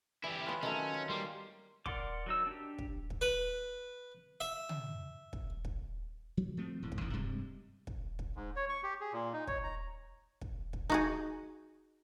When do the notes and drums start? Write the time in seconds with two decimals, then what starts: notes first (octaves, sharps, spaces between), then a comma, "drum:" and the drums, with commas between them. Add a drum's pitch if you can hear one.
0.24 E3 E4 G4 D5
0.46 B3 C#4 F4 F#6
0.63 D#3 F#3 A3 C#4
0.94 F#5
1.09 G3 A#3 C6
1.86 A#4 D5 F#5 C6 D6, drum: kick
2.26 F#3 D#4 E6
2.47 D4 G4
2.78 drum: kick
3.10 drum: kick
3.21 B4
4.40 E5
4.69 drum: tom
5.33 drum: kick
5.65 drum: kick
6.37 F#3
6.57 F3 A3 C4
6.82 E1 A2
6.92 drum: kick
7.01 A1 E2 A2 D#3
7.13 G2 C3 G3 G#3
7.87 drum: kick
8.19 drum: kick
8.36 G#2
8.56 C#5
8.69 C#6
8.83 G4
9.00 G#4
9.13 A#2
9.33 D#4
9.47 C#5, drum: kick
9.63 A#5
10.41 drum: kick
10.73 drum: kick
10.90 D#4 F#4 G#4